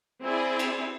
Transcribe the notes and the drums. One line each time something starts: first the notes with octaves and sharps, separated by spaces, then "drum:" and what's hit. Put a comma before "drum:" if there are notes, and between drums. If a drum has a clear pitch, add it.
C4 E4 G#4 D5
drum: cymbal